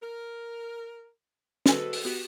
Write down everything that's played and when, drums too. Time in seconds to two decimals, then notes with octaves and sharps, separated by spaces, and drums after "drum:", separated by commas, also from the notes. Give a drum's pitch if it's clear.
0.02 A#4
1.66 G#3 C4 F#4 A4 B4, drum: snare
1.93 drum: open hi-hat
2.05 B3 F#4 G4